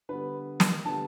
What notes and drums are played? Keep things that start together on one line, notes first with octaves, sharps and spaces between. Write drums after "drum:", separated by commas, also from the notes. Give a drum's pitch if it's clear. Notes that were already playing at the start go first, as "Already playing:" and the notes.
D3 G3 B3 B4
drum: snare
D3 G3 B3 A5